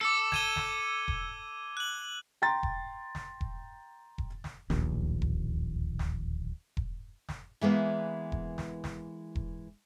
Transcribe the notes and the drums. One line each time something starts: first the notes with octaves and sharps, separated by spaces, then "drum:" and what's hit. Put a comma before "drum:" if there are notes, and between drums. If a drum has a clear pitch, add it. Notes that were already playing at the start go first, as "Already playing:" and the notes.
A4 D6 E6
G#6 D#7 G7, drum: snare
drum: snare
drum: kick E1
F#6 F#7
G5 A#5 C6 A6
drum: kick E1
drum: snare
drum: kick E1
drum: kick E1
drum: snare
D1 A#1 D#2, drum: snare
drum: kick E1
drum: snare
drum: kick E1
drum: snare
E3 G#3 A#3 B3
drum: kick E1
drum: snare
drum: snare
drum: kick E1